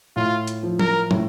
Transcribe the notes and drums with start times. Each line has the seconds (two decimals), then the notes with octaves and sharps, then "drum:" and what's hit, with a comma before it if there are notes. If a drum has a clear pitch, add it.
0.16 A2 F4
0.47 drum: hi-hat
0.63 F3
0.80 A#4, drum: tom
1.11 A2, drum: tom